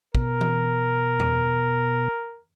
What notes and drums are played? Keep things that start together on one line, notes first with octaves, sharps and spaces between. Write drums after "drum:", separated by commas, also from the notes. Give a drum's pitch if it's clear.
B2 A#4, drum: kick
drum: tom E3
drum: tom E2